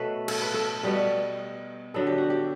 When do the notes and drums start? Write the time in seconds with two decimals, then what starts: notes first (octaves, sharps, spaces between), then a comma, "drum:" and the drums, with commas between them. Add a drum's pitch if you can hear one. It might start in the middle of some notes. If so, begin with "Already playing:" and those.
Already playing: B2 F#3 A3 A4 B4
0.28 A4, drum: cymbal
0.42 B4
0.54 A4
0.83 B2 G3 B3
1.94 D3 F#3 B3 A4
2.07 G4
2.18 F#4
2.30 G4